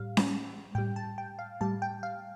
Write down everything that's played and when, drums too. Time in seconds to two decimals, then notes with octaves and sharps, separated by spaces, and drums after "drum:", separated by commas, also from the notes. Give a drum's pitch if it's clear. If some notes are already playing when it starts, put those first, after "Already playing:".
Already playing: A2 G3 F5
0.17 drum: snare C#4
0.75 A2 G3 G5
0.96 A5
1.18 G5
1.39 F5
1.61 A2 G3 A5
1.82 G5
2.03 F5